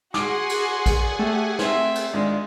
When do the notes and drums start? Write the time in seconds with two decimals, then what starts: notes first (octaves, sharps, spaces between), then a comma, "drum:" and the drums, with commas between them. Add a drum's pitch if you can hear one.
0.14 F#4 G#4 F#5 G#5 C6 D6 D7, drum: snare
0.49 drum: cymbal
0.86 drum: kick A1, cymbal
1.19 A3 G4
1.59 C4 C5 E5, drum: snare
1.95 drum: cymbal
2.13 G#1 G#3 D4 F4